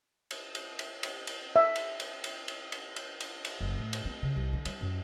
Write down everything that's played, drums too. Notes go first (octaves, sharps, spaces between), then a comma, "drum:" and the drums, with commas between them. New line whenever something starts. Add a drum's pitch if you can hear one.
drum: cymbal
drum: cymbal
drum: cymbal
drum: cymbal
drum: cymbal
E5
drum: cymbal
drum: cymbal
drum: cymbal
drum: cymbal
drum: cymbal
drum: cymbal
drum: cymbal
drum: cymbal
F#1
A2
drum: cymbal
C4
C#3
C2
D3
G3, drum: cymbal
F#2